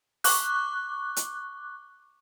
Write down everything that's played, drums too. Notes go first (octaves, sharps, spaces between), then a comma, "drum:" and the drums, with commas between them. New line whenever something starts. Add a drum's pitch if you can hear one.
C#6 D6 F#6, drum: open hi-hat
drum: hi-hat